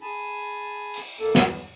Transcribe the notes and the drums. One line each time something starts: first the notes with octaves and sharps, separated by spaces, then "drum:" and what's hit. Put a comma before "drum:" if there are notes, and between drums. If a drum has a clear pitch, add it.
G#4 G#5 A5 B5
drum: open hi-hat
F2 A#3 A4
E2, drum: snare